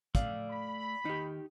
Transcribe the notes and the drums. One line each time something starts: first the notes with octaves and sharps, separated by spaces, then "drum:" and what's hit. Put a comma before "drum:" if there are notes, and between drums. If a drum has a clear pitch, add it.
A3 D5 F5, drum: kick, hi-hat
B5
D#3 D#4 G4